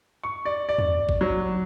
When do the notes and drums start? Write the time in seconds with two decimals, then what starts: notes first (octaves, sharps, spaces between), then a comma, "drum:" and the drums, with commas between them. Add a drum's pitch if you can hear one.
0.23 C#6
0.45 D5
0.69 D5
0.78 drum: tom E2
1.09 drum: kick G1
1.21 F#3